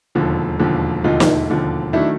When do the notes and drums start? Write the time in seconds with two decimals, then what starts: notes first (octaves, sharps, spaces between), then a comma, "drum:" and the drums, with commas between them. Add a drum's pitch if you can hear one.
0.15 E1 D#2 D3 F3
0.59 E1 D#2 D3 F3
1.04 E1 D#2 D3 F3 D#4 F4
1.20 drum: snare
1.49 E1 D#2 D3 F3
1.93 D#3 F#3 A3 D4 E4